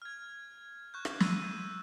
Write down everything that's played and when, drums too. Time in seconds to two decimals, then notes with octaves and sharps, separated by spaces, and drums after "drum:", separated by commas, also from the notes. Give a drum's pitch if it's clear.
0.02 F6 G#6
0.94 C#6 F#6 G6
1.05 drum: rim click
1.20 E6 D#7, drum: snare